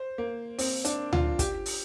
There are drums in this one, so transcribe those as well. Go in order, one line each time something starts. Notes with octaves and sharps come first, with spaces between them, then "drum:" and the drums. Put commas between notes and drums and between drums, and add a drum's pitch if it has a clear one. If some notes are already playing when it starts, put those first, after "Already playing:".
Already playing: C5
A#3
C4, drum: open hi-hat
D4, drum: hi-hat
F4, drum: tom D2
G4, drum: kick, hi-hat
drum: open hi-hat